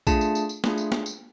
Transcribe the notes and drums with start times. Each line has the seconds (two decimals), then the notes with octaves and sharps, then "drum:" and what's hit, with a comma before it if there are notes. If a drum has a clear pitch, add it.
0.07 A3 D4 F4 G#4 A5, drum: kick, tambourine
0.21 drum: tambourine
0.35 drum: tambourine
0.49 drum: tambourine
0.64 A3 D4 F4 G#4, drum: snare
0.78 drum: tambourine
0.92 drum: snare
1.06 drum: tambourine